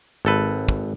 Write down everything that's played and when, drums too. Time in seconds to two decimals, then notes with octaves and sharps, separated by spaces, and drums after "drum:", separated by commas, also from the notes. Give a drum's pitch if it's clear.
0.25 G#1 A4 B4
0.69 drum: kick